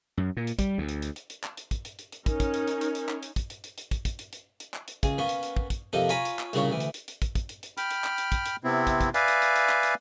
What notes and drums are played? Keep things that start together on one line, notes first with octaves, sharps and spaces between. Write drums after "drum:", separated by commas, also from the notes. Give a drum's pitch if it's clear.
F#2
A#2
drum: hi-hat
G3, drum: kick, hi-hat
D2
drum: hi-hat
drum: hi-hat
drum: hi-hat
drum: hi-hat
drum: clap
drum: hi-hat
drum: kick, hi-hat
drum: hi-hat
drum: hi-hat
drum: hi-hat
C#4 D#4 A#4, drum: kick, hi-hat
drum: kick, hi-hat
drum: hi-hat
drum: hi-hat
drum: hi-hat
drum: hi-hat
drum: clap
drum: hi-hat
drum: kick, hi-hat
drum: hi-hat
drum: hi-hat
drum: hi-hat
drum: kick, hi-hat
drum: kick, hi-hat
drum: hi-hat
drum: hi-hat
drum: hi-hat
drum: clap
drum: hi-hat
C#2 G#4, drum: kick, hi-hat
A#3 B3 C#4
drum: hi-hat
drum: hi-hat
drum: kick
drum: kick, hi-hat
F2 C3 A#3 A4 D#5
F4 C#5 G#5 A#5 B5, drum: hi-hat
drum: hi-hat
drum: clap
C2 A#2 C#3 A#4 C#5, drum: hi-hat
D2 E3
drum: hi-hat
drum: hi-hat
drum: hi-hat
drum: kick, hi-hat
drum: kick, hi-hat
drum: hi-hat
drum: hi-hat
G5 B5 F6, drum: hi-hat
drum: hi-hat
drum: clap
drum: hi-hat
drum: kick, hi-hat
drum: hi-hat
C3 B3 C4 E4
drum: kick, hi-hat
drum: kick, hi-hat
B4 D5 E5 F5 G#5, drum: hi-hat
drum: hi-hat
drum: hi-hat
drum: hi-hat
drum: clap
drum: hi-hat